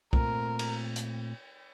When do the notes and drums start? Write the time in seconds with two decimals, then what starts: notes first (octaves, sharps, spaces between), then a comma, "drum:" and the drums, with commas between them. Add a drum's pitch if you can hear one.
0.13 A#2 A3 C4 F4 A#4, drum: kick
0.59 drum: cymbal
0.96 drum: hi-hat